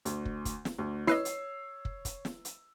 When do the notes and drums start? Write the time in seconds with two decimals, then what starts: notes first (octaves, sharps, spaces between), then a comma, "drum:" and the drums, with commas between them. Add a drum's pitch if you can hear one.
0.05 D2, drum: hi-hat
0.25 drum: kick
0.45 drum: kick, hi-hat
0.65 drum: snare
0.79 D2
1.07 E4 B4 C#5 D#5 E6 C7, drum: snare
1.25 drum: hi-hat
1.85 drum: kick
2.05 drum: kick, hi-hat
2.25 drum: snare
2.45 drum: hi-hat